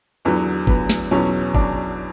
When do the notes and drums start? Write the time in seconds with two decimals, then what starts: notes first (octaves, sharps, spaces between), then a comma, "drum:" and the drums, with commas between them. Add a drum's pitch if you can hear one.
0.25 E2 D3 F#3 B3
0.67 B3, drum: kick
0.89 drum: snare
1.11 E2 B2 F#3 C#4
1.55 D4, drum: kick